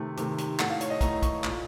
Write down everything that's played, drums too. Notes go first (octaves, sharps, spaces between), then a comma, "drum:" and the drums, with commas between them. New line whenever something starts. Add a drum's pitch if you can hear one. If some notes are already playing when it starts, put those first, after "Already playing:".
Already playing: C3 D#3 A3
C3 D#3 A3, drum: hi-hat
drum: hi-hat
A2 A3 F#5, drum: clap
F5
C#5, drum: hi-hat
D#5
A2 A3 A#5, drum: kick, hi-hat
C#6, drum: kick, hi-hat
A#2 A3, drum: clap